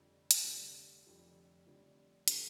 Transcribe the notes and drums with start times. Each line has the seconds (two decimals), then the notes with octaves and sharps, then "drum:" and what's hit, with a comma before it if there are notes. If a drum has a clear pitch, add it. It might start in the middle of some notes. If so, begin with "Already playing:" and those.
Already playing: F1 F2 D3 G3
0.31 drum: hi-hat
0.44 F1 F2 D3 G3
1.06 F1 F2 D3 G3
1.66 F1 F2 D3 G3
2.28 D3 G3 D4 A4, drum: hi-hat